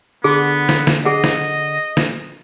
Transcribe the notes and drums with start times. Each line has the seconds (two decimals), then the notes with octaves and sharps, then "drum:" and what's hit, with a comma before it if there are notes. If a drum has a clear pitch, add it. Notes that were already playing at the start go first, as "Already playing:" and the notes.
0.24 D3 B3 G#4
0.69 drum: snare
0.87 drum: snare
1.05 G#4 D#5 F#5
1.24 drum: snare
1.97 drum: snare